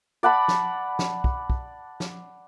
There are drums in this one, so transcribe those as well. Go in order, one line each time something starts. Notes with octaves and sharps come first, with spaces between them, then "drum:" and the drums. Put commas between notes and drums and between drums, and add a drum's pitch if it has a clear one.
D5 F#5 A5 B5
drum: snare
drum: snare
drum: kick
drum: kick
drum: snare